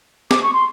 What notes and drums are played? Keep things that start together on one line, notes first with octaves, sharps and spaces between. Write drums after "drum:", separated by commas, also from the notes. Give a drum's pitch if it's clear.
D6, drum: snare
C#6
C6